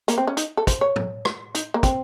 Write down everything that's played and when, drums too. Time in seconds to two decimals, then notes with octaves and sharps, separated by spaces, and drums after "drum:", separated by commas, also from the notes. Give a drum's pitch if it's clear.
0.08 A#3, drum: hi-hat
0.18 C4
0.27 C#4
0.37 D#4, drum: hi-hat
0.57 A4
0.67 C5, drum: kick, hi-hat
0.81 C#5
0.96 drum: tom
1.25 drum: rim click
1.55 D#4, drum: hi-hat
1.74 A#3
1.83 C4, drum: kick, hi-hat